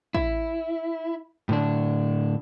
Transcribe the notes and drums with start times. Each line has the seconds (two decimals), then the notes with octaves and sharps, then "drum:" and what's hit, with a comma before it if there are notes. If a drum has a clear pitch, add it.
0.15 E4, drum: kick
1.49 A2 D3 D4